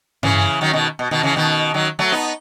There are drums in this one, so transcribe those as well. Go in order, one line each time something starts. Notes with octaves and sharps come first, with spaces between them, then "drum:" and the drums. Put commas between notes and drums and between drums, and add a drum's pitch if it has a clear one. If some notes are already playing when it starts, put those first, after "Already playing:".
C#3 E3, drum: tom G2
D#3 F#3
B2 D#3
B2
B2 D#3
C#3 E3
B2 D#3
D#3 F#3
F#3 A3
B3 D#4